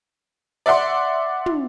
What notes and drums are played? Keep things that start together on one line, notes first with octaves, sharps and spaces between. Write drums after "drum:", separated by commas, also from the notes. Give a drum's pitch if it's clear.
D5 E5 F#5 C6 D6
drum: tom